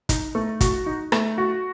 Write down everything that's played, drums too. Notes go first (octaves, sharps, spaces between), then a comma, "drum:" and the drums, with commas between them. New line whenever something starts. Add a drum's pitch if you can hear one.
D#4, drum: kick, hi-hat
A3
F#4, drum: kick, hi-hat
D#4
A3, drum: rim click
F#4